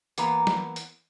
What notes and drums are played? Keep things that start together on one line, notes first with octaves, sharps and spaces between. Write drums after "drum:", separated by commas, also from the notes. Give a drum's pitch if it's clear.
E3 A#3 B3 A#5, drum: hi-hat
drum: snare
drum: hi-hat